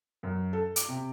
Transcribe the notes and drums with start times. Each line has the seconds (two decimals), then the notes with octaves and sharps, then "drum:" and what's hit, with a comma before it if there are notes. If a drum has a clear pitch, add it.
0.23 F#2
0.53 A4
0.76 D6, drum: hi-hat
0.89 C3